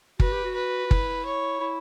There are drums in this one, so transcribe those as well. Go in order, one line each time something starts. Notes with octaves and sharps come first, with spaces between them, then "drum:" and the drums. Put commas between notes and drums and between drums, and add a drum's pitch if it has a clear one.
F#4 B4, drum: kick
G4
F#4
B4
F#4
E4, drum: kick
C#5
E4